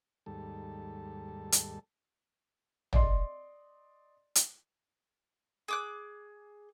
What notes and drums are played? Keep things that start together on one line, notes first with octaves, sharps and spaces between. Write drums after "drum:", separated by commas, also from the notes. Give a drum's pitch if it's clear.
D#2 G#2 G3 A4
drum: hi-hat
D5 D#5 C6, drum: tom
drum: hi-hat
G#4 D6 F#6